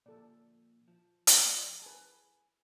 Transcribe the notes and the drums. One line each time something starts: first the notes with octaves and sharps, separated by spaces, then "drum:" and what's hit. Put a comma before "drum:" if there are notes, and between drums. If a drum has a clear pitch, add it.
A#2 D3 F3 A4 D5
F3
drum: hi-hat
G#4 B4 G#5 A5